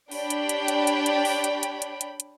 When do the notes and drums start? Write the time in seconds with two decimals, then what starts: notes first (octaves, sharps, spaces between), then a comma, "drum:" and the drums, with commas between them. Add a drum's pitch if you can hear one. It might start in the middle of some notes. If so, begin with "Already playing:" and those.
0.11 D4 G4 C#5 D5 G5 B5, drum: open hi-hat
0.30 drum: hi-hat
0.49 drum: hi-hat
0.68 drum: hi-hat
0.87 drum: hi-hat
1.06 drum: hi-hat
1.25 drum: open hi-hat
1.44 drum: hi-hat
1.63 drum: hi-hat
1.82 drum: hi-hat
2.01 drum: hi-hat
2.20 drum: hi-hat